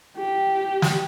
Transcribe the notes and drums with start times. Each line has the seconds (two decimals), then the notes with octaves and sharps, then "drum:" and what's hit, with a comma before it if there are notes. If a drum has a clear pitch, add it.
0.18 G4
0.82 drum: snare